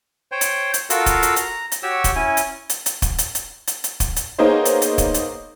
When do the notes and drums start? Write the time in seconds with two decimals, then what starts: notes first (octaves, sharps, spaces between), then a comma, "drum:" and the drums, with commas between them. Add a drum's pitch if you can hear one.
0.32 C5 C#5 G5
0.41 drum: hi-hat
0.74 drum: hi-hat
0.90 F4 F#4 A4 A#4 F5 E6, drum: hi-hat
1.06 drum: kick, hi-hat
1.23 drum: hi-hat
1.36 A#5, drum: hi-hat
1.72 drum: hi-hat
1.83 F#4 G4 C#5 E6
2.04 drum: kick, hi-hat
2.16 C#4 E4 G#5
2.37 drum: hi-hat
2.69 drum: hi-hat
2.86 drum: hi-hat
3.02 drum: kick, hi-hat
3.18 drum: hi-hat
3.35 drum: hi-hat
3.67 drum: hi-hat
3.84 drum: hi-hat
4.00 drum: kick, hi-hat
4.16 drum: hi-hat
4.38 A#3 B3 D#4 G#4 C5 C#5
4.65 drum: hi-hat
4.82 drum: hi-hat
4.98 drum: kick, hi-hat
5.14 drum: hi-hat